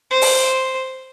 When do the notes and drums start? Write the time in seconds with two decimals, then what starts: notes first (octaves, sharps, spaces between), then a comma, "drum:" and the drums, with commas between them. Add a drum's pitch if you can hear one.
0.11 C5
0.21 drum: open hi-hat